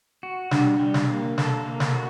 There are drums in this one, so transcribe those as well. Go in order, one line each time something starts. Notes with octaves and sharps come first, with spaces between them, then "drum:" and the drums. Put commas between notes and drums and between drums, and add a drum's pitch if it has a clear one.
F#4
G3 D4, drum: snare
G3
drum: snare
A#3
A4, drum: snare
A#3
drum: snare
F#4